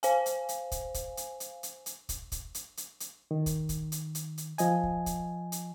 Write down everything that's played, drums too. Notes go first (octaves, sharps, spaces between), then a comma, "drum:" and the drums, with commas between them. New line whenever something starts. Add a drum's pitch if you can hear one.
C5 F5 G#5, drum: hi-hat
drum: hi-hat
drum: hi-hat
drum: kick, hi-hat
drum: kick, hi-hat
drum: hi-hat
drum: hi-hat
drum: hi-hat
drum: hi-hat
drum: kick, hi-hat
drum: kick, hi-hat
drum: hi-hat
drum: hi-hat
drum: hi-hat
D#3
drum: kick, hi-hat
drum: kick, hi-hat
drum: hi-hat
drum: hi-hat
drum: hi-hat
F3 D#5 G#5, drum: hi-hat
drum: kick
drum: kick, hi-hat
drum: hi-hat